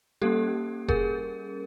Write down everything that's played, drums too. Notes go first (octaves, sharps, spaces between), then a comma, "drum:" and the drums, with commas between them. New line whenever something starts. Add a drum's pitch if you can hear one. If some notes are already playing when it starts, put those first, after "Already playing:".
G3 A#3 C#4 G4 A4
G#4 A#4, drum: kick F1